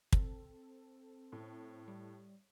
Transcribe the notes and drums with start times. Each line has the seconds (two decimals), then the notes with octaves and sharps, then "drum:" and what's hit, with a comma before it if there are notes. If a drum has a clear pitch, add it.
0.12 C4 A4, drum: kick
1.32 A2
1.88 G3